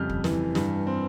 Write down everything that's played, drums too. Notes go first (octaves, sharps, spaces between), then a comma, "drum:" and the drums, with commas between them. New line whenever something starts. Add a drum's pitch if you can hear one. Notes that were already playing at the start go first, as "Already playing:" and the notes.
Already playing: F2 C#3 G3 F6 G6
drum: kick
E3, drum: snare
G2, drum: snare
C4